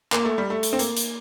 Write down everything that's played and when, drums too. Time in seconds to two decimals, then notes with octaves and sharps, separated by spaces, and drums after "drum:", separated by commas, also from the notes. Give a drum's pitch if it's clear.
0.12 A#3, drum: clap
0.25 A3
0.38 G3
0.50 A3
0.63 drum: hi-hat
0.73 C4
0.79 A#3, drum: hi-hat
0.96 drum: hi-hat